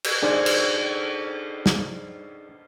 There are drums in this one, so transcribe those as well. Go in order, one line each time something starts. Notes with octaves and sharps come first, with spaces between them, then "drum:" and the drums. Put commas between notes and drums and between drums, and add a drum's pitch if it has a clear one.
drum: cymbal
D4 D#4 G#4 C5 D5
drum: cymbal
drum: snare